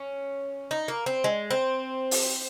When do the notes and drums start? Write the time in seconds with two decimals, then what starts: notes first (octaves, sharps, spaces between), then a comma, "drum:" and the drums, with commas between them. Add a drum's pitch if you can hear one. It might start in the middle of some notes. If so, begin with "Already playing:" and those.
Already playing: C#4
0.71 D#4
0.88 A#3
1.06 C4
1.24 G#3
1.51 C4
2.11 drum: open hi-hat